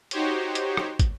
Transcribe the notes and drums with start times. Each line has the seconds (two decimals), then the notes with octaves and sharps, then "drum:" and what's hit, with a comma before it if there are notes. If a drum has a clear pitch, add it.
0.11 D#4 F#4 G4 C5 C#5, drum: hi-hat
0.55 drum: hi-hat
0.77 drum: rim click
0.99 drum: kick, hi-hat